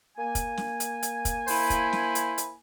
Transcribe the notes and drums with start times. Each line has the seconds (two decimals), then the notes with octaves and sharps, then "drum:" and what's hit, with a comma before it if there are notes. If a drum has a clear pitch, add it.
0.18 A#3 G#5
0.35 drum: kick, hi-hat
0.57 drum: snare
0.80 drum: hi-hat
1.03 drum: hi-hat
1.25 drum: kick, hi-hat
1.48 E4 C5 B5, drum: open hi-hat
1.70 drum: kick, hi-hat
1.93 drum: snare
2.15 drum: hi-hat
2.38 drum: hi-hat